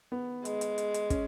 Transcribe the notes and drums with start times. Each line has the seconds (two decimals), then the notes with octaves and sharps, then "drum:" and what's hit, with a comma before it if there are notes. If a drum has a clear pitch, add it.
0.12 B3
0.45 G#3, drum: hi-hat
0.61 drum: hi-hat
0.78 drum: hi-hat
0.94 drum: hi-hat
1.10 C#4, drum: kick, hi-hat